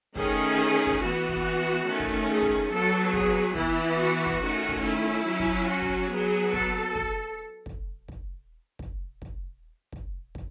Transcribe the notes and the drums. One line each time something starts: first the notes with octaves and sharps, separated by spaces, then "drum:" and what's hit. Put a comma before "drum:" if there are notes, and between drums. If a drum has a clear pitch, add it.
D#3 A3 C#4 G#4, drum: kick
drum: kick
E3 B3 F#4
drum: kick
D#3 A3 C#4
drum: kick
G#4
drum: kick
F#3 B3 A4
G#4, drum: kick
E3 B3 E4, drum: kick
F#4
drum: kick
D#3 A3 C#4
drum: kick
E4
F#3 C#4
drum: kick
F#4
drum: kick
F#3 B3 G#4
A4, drum: kick
drum: kick
drum: kick
drum: kick
drum: kick
drum: kick
drum: kick
drum: kick